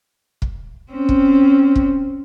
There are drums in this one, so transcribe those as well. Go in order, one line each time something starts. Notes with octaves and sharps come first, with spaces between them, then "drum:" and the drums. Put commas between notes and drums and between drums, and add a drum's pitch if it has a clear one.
drum: kick
C4 C#4
drum: kick
drum: kick